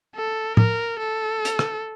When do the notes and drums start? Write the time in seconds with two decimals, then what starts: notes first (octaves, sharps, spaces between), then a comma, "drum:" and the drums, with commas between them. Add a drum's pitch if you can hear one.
0.16 A4
0.57 A#4, drum: tom
0.99 A4
1.45 drum: hi-hat
1.59 drum: rim click